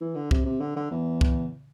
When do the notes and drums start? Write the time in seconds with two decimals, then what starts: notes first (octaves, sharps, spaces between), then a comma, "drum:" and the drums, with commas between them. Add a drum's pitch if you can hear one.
0.01 E3
0.15 D3
0.31 C3, drum: kick
0.46 C3
0.60 D3
0.76 D3
0.91 E2
1.21 drum: kick